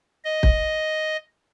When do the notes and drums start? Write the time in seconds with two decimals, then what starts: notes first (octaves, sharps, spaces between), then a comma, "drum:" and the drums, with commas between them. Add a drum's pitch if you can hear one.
0.25 D#5
0.43 drum: kick